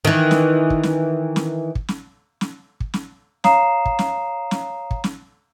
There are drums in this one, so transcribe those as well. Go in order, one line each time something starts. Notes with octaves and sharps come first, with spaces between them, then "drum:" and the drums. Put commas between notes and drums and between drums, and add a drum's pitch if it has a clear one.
D#3 E3
drum: snare
drum: kick
drum: snare
drum: snare
drum: kick
drum: snare
drum: snare
drum: kick
drum: snare
C#5 F5 A#5 D#6 C7 E7, drum: snare
drum: kick
drum: snare
drum: snare
drum: kick
drum: snare